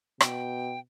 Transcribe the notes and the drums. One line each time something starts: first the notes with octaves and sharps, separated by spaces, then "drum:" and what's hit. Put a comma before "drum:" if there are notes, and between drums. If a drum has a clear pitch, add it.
B2 G5, drum: rim click